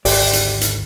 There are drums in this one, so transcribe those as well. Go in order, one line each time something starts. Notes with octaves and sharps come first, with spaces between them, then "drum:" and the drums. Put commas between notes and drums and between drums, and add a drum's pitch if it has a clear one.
G#1 D2 G4 D5, drum: open hi-hat
drum: hi-hat
drum: hi-hat